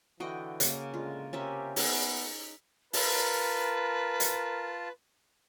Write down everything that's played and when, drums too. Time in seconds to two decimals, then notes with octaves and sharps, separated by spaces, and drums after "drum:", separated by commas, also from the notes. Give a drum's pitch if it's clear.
0.20 D3 E3 F#4 D#5 G5
0.60 C#3 A#3, drum: hi-hat
0.94 A1 D3 G#3 F4
1.33 C3 C#4 F4 G4 A#4 E5
1.76 B3 D#4 G#4, drum: open hi-hat
2.93 F4 A#4 B4 A5, drum: open hi-hat
4.20 drum: hi-hat